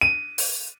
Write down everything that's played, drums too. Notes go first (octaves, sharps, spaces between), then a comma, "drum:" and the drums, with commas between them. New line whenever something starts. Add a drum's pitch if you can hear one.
D#7
drum: open hi-hat